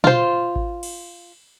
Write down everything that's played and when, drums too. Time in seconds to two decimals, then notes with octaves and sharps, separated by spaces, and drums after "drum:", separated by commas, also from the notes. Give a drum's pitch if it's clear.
0.04 F4 C5, drum: tom
0.56 drum: kick G#1
0.83 drum: cymbal